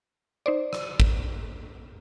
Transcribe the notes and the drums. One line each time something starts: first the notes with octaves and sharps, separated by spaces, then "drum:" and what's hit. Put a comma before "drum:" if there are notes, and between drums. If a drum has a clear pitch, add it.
D#4 C5 D5
drum: rim click
drum: kick